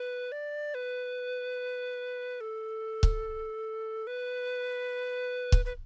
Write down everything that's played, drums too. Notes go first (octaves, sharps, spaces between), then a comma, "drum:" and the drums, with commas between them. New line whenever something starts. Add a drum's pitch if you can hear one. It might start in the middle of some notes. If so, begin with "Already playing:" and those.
Already playing: B4
D5
B4
A4
drum: kick C#1
B4
drum: kick C#1
B4